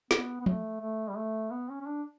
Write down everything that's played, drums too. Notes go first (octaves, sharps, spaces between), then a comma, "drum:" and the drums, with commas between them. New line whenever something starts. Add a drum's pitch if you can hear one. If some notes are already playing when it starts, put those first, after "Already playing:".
B3, drum: snare
B3
A3, drum: tom
A3
G3
A3
B3
C#4
C#4
D4